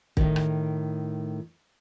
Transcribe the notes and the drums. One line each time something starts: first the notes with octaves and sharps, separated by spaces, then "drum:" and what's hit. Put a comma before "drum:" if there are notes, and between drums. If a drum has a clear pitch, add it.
A2 D#3, drum: kick
drum: rim click